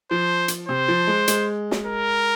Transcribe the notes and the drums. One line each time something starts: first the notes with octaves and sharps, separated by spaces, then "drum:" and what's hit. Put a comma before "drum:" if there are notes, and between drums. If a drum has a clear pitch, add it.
F3 C5
drum: hi-hat
C3 C5
F3
G#3
G#3, drum: hi-hat
drum: snare
A#4